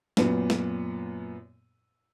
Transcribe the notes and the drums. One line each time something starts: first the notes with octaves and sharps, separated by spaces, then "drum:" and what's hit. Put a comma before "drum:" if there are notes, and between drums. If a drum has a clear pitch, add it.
F#2 A#2 B3, drum: snare
drum: snare